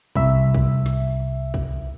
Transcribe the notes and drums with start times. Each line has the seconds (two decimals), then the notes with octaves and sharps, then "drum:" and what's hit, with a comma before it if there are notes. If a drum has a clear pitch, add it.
0.16 C2 E5, drum: kick
0.55 drum: kick
0.86 drum: snare
1.54 drum: kick